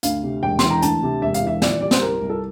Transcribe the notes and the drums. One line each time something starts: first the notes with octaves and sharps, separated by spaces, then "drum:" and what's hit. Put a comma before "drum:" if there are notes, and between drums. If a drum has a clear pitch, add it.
D2 F5, drum: hi-hat
C3
E1 G5
E3 C6, drum: snare
A#5
D2 A5, drum: hi-hat
C3
E1 E5
F5, drum: hi-hat
E3
E5
A#2 D5, drum: snare
G3 D5
C5, drum: snare
C2 A#4
C2
A4